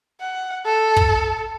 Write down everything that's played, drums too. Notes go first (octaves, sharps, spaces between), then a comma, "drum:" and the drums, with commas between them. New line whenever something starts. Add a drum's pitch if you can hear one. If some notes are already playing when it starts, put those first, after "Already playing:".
F#5
A4
drum: kick